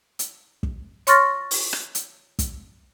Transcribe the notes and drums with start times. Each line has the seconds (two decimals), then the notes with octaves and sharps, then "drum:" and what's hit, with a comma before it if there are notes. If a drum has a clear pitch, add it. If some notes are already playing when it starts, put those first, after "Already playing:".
0.19 drum: hi-hat
0.63 drum: kick
1.07 C#5 C6 C#6 F6 A6 A#6, drum: hi-hat
1.51 drum: open hi-hat
1.73 drum: rim click
1.95 drum: hi-hat
2.39 drum: kick, hi-hat